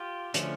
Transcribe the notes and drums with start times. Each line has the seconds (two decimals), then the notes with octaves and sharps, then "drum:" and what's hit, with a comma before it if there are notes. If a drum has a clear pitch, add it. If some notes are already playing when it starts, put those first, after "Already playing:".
Already playing: F4 G4
0.34 D3 F3 A3 C#4, drum: hi-hat